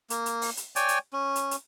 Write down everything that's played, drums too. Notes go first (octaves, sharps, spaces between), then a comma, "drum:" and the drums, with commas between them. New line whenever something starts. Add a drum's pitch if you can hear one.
A#3, drum: hi-hat
drum: hi-hat
drum: open hi-hat
drum: hi-hat
C#5 D5 G5 G#5, drum: hi-hat
drum: hi-hat
C#4
drum: hi-hat
drum: hi-hat